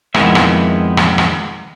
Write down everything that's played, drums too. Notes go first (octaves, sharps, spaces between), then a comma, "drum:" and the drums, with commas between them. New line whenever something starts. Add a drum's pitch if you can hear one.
F2 D#3 G#3 B3 E4 E5, drum: rim click
drum: rim click
drum: rim click
drum: rim click